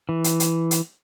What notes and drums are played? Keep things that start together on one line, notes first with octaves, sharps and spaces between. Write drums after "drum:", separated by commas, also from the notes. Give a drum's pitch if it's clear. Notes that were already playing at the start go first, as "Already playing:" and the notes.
E3
drum: hi-hat
drum: hi-hat
drum: hi-hat